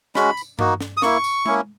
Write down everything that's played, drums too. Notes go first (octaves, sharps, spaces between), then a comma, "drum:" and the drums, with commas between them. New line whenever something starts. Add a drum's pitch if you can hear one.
G#3 C#4 F#4 B5, drum: snare
drum: tambourine
A#3 D#4 F#4, drum: tom G2
drum: snare
D#6
A#3 E4 C#6, drum: snare
drum: tambourine
A#3 C#4 E4, drum: tom G#3